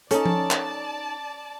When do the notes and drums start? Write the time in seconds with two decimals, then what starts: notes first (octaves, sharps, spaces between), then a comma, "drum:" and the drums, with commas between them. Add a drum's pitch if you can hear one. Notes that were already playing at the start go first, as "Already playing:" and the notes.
0.11 C#4 D#4 A4 D5 A5, drum: hi-hat
0.26 drum: tom F3
0.51 drum: clap